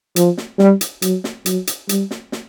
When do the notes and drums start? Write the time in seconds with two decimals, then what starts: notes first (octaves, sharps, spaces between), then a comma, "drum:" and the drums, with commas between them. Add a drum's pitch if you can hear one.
0.16 F3, drum: hi-hat
0.38 drum: snare
0.59 G3, drum: snare
0.81 drum: hi-hat
1.02 F#3, drum: hi-hat
1.24 drum: snare
1.46 F#3, drum: hi-hat
1.67 drum: hi-hat
1.89 G3, drum: hi-hat
2.11 drum: snare
2.32 drum: snare